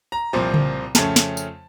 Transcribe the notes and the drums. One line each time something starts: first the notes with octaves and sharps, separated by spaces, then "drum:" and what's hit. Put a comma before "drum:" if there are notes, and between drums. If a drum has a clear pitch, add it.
A#5
C2 A#2 F3 C4
drum: tom C#3
F2 C#3 A3 C#4 A5, drum: snare
drum: snare
drum: tambourine